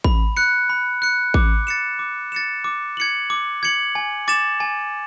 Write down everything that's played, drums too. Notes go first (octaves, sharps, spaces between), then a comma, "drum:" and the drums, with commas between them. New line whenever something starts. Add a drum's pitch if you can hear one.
B5, drum: kick A1
F#6 C#7
B5
F#6 C#7
D6, drum: kick A1
A6 C#7 E7
D6
A6 C#7 E7
D6
G#6 C#7 F#7
D6
G#6 C#7 F#7
G#5
D6 A6 E7
G#5